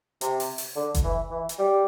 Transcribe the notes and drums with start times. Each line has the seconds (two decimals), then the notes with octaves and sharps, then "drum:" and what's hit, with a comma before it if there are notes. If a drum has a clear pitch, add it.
0.21 C3, drum: hi-hat
0.40 drum: open hi-hat
0.58 drum: open hi-hat
0.76 D3
0.94 drum: kick F#1, hi-hat
1.04 E3
1.31 E3
1.49 drum: hi-hat
1.59 G3